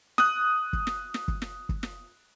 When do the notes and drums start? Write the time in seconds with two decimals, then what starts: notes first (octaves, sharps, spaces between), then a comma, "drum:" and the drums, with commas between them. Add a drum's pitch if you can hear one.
0.18 D#6 F#6, drum: snare
0.73 drum: kick
0.87 drum: snare
1.14 drum: snare
1.28 drum: kick
1.42 drum: snare
1.69 drum: kick
1.83 drum: snare